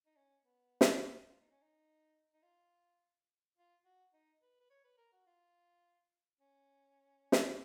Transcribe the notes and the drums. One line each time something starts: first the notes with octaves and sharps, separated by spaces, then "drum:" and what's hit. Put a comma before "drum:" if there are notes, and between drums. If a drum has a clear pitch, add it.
D#4
C#4
B3
drum: snare
F4
D#4
C#4
D#4
D#4
F4
F4
F#4
D#4
B4
B4
C#5
B4
A#4
F#4
F4
C#4
drum: snare